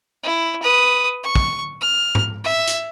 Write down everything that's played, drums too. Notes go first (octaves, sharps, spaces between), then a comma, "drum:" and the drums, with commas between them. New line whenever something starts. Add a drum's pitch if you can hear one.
E4
B4 D#6
C#6
drum: kick
F6
drum: tom G#2
E5
drum: hi-hat